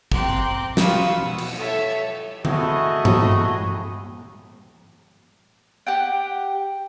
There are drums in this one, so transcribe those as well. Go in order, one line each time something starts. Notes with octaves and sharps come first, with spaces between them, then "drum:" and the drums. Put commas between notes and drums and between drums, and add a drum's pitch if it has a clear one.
C4 G5 A#5 C6 D6 F#6, drum: kick
F4 F5 B5 C#6 D#6 E6, drum: snare
B2 F#5
drum: cymbal
A4 C#5 E5
A3 E4 F#4 G#4 D#5, drum: tom D3
drum: tom G2
G4 F#5 G5